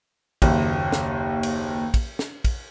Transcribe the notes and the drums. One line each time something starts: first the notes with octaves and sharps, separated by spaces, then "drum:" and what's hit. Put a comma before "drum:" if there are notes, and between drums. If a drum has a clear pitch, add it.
F#1 D#2, drum: kick, cymbal
drum: snare
drum: cymbal
drum: kick, cymbal
drum: snare
drum: kick, cymbal